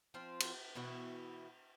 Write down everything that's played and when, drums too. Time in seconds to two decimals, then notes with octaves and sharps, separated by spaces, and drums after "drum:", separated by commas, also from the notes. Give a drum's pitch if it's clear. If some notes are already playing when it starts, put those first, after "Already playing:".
0.14 F3 C4 F4
0.40 drum: cymbal
0.75 B2 E3 E4 F#4